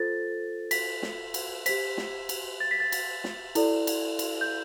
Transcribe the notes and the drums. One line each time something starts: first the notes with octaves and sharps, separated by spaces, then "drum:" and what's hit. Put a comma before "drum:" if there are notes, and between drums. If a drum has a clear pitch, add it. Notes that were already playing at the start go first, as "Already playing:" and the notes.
Already playing: F4 A4 C5 A6
B6, drum: cymbal
drum: snare
drum: cymbal
G4 C5 B6, drum: cymbal
drum: snare
drum: cymbal
A6
B6
A6
drum: cymbal
drum: snare
E4 A4 D5, drum: cymbal
drum: cymbal
drum: cymbal
G6